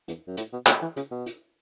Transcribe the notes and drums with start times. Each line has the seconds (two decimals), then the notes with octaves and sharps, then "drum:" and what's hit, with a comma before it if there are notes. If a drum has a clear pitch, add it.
0.08 E2, drum: hi-hat
0.27 F#2
0.37 A2, drum: hi-hat
0.53 B2
0.66 B2, drum: clap
0.82 E3
0.97 C#3, drum: hi-hat
1.11 B2
1.26 drum: hi-hat